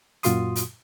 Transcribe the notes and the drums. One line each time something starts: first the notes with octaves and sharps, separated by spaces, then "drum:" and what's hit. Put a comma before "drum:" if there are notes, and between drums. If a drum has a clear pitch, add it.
F#2 A#2 F4 F#4 C6 D#6, drum: hi-hat
drum: hi-hat